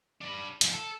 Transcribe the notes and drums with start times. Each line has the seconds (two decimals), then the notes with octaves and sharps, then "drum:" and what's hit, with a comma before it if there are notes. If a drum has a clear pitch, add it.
0.21 D4 B5
0.61 G#2 F3, drum: hi-hat
0.73 A4